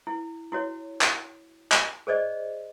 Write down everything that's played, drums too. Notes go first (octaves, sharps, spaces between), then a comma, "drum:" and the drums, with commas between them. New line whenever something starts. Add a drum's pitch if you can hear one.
E4
E4 F#4 C#5
drum: clap
drum: clap
G#4 C5 D5 D#5